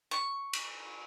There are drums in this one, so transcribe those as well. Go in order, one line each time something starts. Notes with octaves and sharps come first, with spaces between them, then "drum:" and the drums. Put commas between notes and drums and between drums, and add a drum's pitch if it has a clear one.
C#6
drum: cymbal